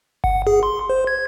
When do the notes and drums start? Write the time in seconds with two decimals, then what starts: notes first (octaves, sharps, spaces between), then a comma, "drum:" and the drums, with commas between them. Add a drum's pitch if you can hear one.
0.24 F#5, drum: kick G1
0.47 G#4
0.63 C6
0.90 C5
1.07 G#6